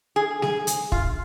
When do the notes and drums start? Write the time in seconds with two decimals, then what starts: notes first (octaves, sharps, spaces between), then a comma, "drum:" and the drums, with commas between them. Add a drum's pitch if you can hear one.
0.16 G#4
0.42 G#4, drum: snare G3
0.67 drum: hi-hat
0.92 F4, drum: kick